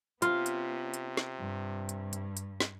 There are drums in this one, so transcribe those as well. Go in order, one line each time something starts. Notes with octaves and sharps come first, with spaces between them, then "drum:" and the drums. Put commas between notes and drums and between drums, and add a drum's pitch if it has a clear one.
C3 B3 C#4 F4, drum: hi-hat
drum: hi-hat
drum: hi-hat
drum: snare
G2
drum: hi-hat
drum: hi-hat
drum: hi-hat
drum: snare